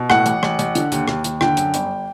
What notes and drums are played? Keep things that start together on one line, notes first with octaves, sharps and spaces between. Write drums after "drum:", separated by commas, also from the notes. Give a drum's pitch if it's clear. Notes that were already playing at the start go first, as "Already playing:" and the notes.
Already playing: B2
A2 F#5, drum: rim click
A1, drum: hi-hat
A1, drum: rim click
A1, drum: hi-hat
D3, drum: hi-hat
D#2, drum: hi-hat
D#2, drum: rim click
D#2, drum: hi-hat
D3 G5, drum: rim click
F#2, drum: hi-hat
G1, drum: hi-hat